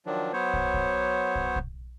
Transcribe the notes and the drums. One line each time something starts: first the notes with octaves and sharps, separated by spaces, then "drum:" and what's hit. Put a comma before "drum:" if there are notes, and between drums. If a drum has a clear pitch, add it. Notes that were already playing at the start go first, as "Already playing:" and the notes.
D#3 F3 F#3 D4
F#3 B3 C5 C#5
drum: kick
drum: kick
drum: kick
drum: kick